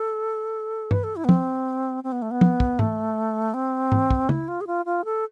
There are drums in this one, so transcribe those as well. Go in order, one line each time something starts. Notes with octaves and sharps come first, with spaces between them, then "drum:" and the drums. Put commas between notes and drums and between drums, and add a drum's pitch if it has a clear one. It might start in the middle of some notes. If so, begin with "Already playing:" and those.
Already playing: A4
B4, drum: tom G2
A4
E4
B3
C4, drum: tom
C4
B3
A3
B3
drum: tom
drum: kick
A3, drum: tom G#2
C4
drum: tom G#2
drum: kick
E4, drum: tom
F4
G#4
F4
F4
A4